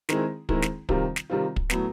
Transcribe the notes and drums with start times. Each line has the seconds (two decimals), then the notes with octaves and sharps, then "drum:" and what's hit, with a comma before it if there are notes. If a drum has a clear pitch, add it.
0.09 D#3 G#3 C4 E4 G#4, drum: snare
0.49 D#3 G#3 C4 E4 G#4, drum: kick
0.62 drum: snare
0.89 C3 D#3 G3 C4 F4, drum: kick
1.16 drum: snare
1.30 C3 D#3 G3 C4 F4
1.56 drum: kick
1.70 A2 F#3 B3, drum: snare